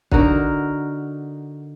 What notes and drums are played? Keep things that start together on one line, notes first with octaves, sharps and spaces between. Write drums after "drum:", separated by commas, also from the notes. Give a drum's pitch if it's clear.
D3 D#4 F#4 A#4, drum: kick